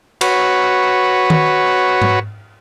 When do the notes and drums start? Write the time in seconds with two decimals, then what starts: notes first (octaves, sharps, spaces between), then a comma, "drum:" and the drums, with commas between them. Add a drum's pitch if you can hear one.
0.21 F#4 B4 C#5, drum: cymbal
1.30 drum: tom D#3
2.02 drum: tom G#2